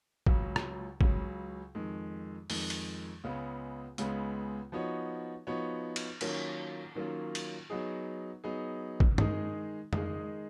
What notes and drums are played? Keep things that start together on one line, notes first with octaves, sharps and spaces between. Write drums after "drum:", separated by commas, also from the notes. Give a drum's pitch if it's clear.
C#2 C#3 F#3, drum: kick
drum: rim click
C#2 C#3 F#3, drum: kick
F2 D#3 G#3
F2 D#3 G#3, drum: open hi-hat
drum: cymbal
C#2 C#3 G#3 B3
C#2 C#3 G#3 B3, drum: hi-hat
F3 B3 D#4 F#4 C#5
F3 B3 D#4 F#4 C#5
drum: cymbal
D#3 F#3 A#3 C#4 F4, drum: cymbal
D#3 F#3 A#3 C#4 F4
drum: cymbal
F#3 B3 D#4 G#4
F#3 B3 D#4 G#4
drum: kick
D#3 G#3 D#4 G#4, drum: tom
D#3 G#3 D#4 G#4, drum: tom F2